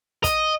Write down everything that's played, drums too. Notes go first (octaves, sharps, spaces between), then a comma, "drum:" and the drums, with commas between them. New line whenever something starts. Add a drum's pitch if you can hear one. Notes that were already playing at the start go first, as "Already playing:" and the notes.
D#5, drum: kick, hi-hat